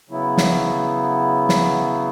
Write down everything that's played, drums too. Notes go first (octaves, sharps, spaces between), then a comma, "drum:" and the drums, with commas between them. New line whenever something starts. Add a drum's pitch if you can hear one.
C#3 F#3 B3 E4
drum: snare
drum: snare